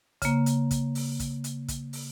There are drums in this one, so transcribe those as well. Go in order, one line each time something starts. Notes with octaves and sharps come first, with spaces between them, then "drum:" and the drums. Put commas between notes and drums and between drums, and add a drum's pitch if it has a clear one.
C#3 A#3, drum: kick, hi-hat
drum: hi-hat
drum: kick, hi-hat
drum: open hi-hat
drum: kick, hi-hat
drum: hi-hat
drum: kick, hi-hat
drum: open hi-hat